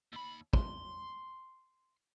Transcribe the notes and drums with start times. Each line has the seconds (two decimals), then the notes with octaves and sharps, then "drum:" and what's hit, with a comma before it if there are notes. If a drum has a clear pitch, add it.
0.13 D#2 B5
0.53 C6, drum: kick